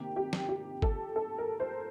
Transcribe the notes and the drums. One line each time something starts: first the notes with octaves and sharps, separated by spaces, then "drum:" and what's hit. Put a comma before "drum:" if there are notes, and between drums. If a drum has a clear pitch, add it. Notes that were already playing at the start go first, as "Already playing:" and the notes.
Already playing: C3 D#3 A#3 G4
G4
drum: snare
G4
A4, drum: kick
A4
A#4
C5